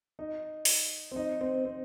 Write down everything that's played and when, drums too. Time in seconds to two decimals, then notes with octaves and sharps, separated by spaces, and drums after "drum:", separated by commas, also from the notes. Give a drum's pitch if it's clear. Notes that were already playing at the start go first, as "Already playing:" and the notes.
0.19 D#4
0.65 drum: open hi-hat
1.11 C4
1.16 D#4
1.41 C4
1.65 C4